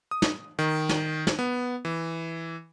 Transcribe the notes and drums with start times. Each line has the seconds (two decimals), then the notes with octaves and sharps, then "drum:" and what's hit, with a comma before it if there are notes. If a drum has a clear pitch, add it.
0.11 D#6
0.22 drum: snare
0.59 D#3
0.89 drum: snare
1.27 drum: snare
1.39 B3
1.85 E3